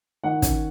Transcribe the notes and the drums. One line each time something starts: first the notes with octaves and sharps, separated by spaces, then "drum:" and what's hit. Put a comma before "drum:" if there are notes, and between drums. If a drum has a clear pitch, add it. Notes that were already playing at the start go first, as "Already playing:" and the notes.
D#3 F#5
C#4, drum: kick, hi-hat